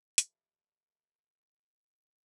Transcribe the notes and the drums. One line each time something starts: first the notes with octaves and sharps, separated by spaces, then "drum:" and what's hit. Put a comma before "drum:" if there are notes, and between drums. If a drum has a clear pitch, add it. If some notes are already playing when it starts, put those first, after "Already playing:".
F3 G3 A3 A#4, drum: hi-hat